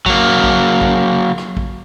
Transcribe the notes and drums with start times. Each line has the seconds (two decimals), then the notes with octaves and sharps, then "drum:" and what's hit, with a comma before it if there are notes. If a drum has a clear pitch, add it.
0.06 F#3 A#3, drum: kick A#1
0.44 drum: kick A#1
0.81 drum: kick A#1
1.38 drum: rim click
1.57 drum: kick A#1